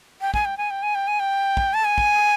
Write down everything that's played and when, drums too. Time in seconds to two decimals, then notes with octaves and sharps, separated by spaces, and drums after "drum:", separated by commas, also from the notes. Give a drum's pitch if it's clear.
0.21 G5
0.34 G#5, drum: kick
0.45 G5
0.58 G#5
0.71 G5
0.83 G#5
0.95 G5
1.08 G#5
1.20 G5
1.57 drum: kick
1.74 A5
1.85 G#5
1.98 drum: kick